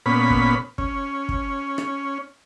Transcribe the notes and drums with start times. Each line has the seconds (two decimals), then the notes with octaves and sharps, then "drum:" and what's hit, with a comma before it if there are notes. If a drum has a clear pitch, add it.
0.06 A#2 B3 C#4 B5
0.30 drum: kick
0.78 C#4, drum: kick
1.29 drum: kick
1.78 drum: rim click